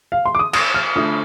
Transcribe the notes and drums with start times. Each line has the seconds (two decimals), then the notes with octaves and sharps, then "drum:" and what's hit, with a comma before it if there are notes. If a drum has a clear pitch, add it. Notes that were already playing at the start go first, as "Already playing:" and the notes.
0.12 F5
0.26 C6
0.35 D6
0.39 D#6
0.53 D#6, drum: cymbal
0.74 F6
0.95 D3 A3 D4 F4 D#6